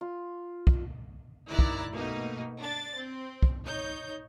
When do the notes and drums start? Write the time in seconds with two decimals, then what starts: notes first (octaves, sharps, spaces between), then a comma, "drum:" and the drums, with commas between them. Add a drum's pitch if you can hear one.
0.01 F4
0.67 drum: kick
1.49 G1 D#3 E4 D5 A#5 F#6
1.59 drum: kick
1.91 B2 A3 A#3 D#4
2.59 D4 A6
2.97 C4
3.42 drum: kick
3.65 D#4 C#5 G6